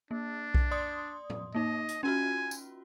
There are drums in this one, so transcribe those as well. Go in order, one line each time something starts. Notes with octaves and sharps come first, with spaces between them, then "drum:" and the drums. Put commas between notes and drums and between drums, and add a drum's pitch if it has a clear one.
A#3 D4
drum: kick B1
D5 C6 D#6
drum: tom A2
A#3 D#4 D#5
drum: hi-hat
C#4 F4 F#4 G#5
drum: tambourine